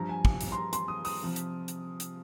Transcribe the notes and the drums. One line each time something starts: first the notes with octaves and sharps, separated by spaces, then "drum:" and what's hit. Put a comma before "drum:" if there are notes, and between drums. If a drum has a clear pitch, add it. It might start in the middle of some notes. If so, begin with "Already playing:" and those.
Already playing: G2 F3 A#5
G#5
drum: kick
drum: hi-hat
C6
A#5
C6, drum: hi-hat
D#6
D#6, drum: open hi-hat
C3 F3
drum: hi-hat
drum: hi-hat
drum: hi-hat